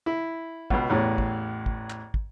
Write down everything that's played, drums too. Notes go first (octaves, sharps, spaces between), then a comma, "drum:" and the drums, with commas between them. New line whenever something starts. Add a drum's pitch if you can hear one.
E4
C#2 B2, drum: kick
A1 E2 A2
drum: kick
drum: kick
drum: clap
drum: kick